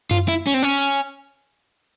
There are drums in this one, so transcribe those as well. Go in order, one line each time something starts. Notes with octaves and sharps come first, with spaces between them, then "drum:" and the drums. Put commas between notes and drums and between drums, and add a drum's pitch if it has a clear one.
F4, drum: tom F#2
E4
C#4
C4
C#4